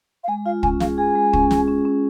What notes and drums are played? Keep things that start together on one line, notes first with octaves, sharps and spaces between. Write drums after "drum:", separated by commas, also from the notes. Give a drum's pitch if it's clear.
F5
G#3 G#5
F4 F5
C#4 G#5, drum: kick
G#4 F5, drum: snare
G#4 G#5
G#3
C#4, drum: kick
G#4, drum: snare
C#4
C#4